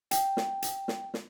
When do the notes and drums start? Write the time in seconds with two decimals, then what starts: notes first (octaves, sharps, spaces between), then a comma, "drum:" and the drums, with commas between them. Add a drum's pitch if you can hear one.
0.11 G5, drum: hi-hat
0.37 drum: snare
0.62 drum: hi-hat
0.88 drum: snare
1.14 drum: snare